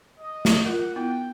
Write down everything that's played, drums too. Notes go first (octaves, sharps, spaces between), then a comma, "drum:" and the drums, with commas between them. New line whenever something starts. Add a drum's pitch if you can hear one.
D#5
drum: snare
F4 A#4 F#5
B3 D#4 E4 G5